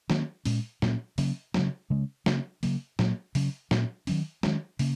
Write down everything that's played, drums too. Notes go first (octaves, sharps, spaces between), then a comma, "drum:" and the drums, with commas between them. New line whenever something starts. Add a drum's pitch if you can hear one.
D#3 A#3 C#4, drum: snare
A#2 G#3 C#4, drum: open hi-hat
A#2 F#3 A#3 C#4, drum: snare
C#3 F#3 A#3 C#4, drum: open hi-hat
C#3 F#3 A#3 C#4, drum: snare
C#3 G#3 C#4
C#3 A#3 C#4, drum: snare
C#3 F#3 A#3, drum: open hi-hat
A#2 F#3 A#3, drum: snare
C#3 F#3 C#4, drum: open hi-hat
A#2 A#3 C#4, drum: snare
D#3 F#3 C#4, drum: open hi-hat
D#3 G#3 C#4, drum: snare
C#3 A#3 C#4, drum: open hi-hat